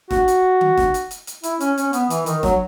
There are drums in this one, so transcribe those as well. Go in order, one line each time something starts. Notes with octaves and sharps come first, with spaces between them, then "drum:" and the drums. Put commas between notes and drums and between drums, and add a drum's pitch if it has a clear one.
F#4, drum: snare E1
drum: hi-hat
drum: tom D3
drum: snare E1
drum: hi-hat
drum: hi-hat
drum: hi-hat
E4, drum: hi-hat
C#4, drum: hi-hat
C#4, drum: hi-hat
B3, drum: hi-hat
E3, drum: hi-hat
D#3, drum: hi-hat
F#3, drum: snare E1